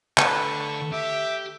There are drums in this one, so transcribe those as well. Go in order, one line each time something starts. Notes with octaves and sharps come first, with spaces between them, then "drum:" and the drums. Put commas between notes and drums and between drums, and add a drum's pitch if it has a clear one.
D3 A3 B4 C#6, drum: clap
G4 E5